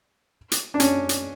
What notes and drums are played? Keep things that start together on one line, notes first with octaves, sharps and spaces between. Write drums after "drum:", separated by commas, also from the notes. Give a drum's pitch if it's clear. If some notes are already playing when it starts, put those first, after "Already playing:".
drum: hi-hat
D4
C#4, drum: hi-hat
drum: hi-hat